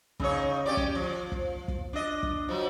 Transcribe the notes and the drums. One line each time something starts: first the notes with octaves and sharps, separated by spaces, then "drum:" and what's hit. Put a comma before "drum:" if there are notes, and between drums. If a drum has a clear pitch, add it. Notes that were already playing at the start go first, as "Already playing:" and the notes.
C#3 D#4 C#5, drum: kick
C#4 G4 D5
drum: kick
F3
drum: kick
drum: kick
D4 D#5
drum: kick
F3 F#3